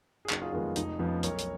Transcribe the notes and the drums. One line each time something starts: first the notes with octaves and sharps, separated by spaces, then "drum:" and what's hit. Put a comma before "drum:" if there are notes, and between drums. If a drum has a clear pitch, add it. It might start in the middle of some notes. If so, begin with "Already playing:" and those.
G#4
F#1 D#4 F#4, drum: clap
F4 G#4
F2 D#3 G#3 B3 F4 G#4
F1 D#4, drum: hi-hat
F2 F3 B3 C#4 F4
B1 A#4 C#5, drum: hi-hat
drum: hi-hat